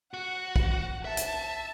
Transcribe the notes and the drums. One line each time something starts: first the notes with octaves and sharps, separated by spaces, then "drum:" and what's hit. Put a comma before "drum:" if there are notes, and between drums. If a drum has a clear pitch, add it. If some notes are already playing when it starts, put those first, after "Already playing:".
F#4 F#5
drum: kick B1
E5 A5
drum: hi-hat